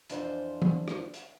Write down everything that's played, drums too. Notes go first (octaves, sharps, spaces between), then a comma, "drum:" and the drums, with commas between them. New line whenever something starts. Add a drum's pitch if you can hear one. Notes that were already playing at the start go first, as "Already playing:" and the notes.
F2 E3 D4 F4 C5, drum: hi-hat
drum: tom E3
drum: rim click
drum: hi-hat